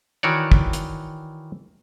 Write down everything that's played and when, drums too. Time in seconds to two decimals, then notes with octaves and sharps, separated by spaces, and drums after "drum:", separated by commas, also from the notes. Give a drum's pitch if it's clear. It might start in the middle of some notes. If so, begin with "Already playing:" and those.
0.23 D#3 E3 F#4 C#5 D5
0.52 drum: kick
0.73 drum: hi-hat